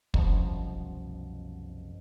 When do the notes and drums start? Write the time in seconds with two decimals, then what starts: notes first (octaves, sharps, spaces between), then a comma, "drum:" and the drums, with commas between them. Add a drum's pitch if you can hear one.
0.14 C2 F#2 B2 F3, drum: kick